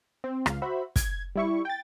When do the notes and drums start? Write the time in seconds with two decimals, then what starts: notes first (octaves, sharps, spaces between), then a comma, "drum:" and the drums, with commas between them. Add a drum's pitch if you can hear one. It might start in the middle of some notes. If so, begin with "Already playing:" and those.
0.24 C4
0.46 C#2 F5, drum: rim click
0.62 F#4 C5 E5 B5
0.96 G#6, drum: kick, hi-hat
1.36 G3 E4 C#6
1.65 G5 A6